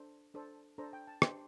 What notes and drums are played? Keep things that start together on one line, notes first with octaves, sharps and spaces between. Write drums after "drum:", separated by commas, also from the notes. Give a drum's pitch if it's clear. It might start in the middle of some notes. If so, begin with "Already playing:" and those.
Already playing: D4 A4 C5
D4 A4 C5
D4 A4 C5 A#5
G5
A5
D4 G4 C5 C6, drum: rim click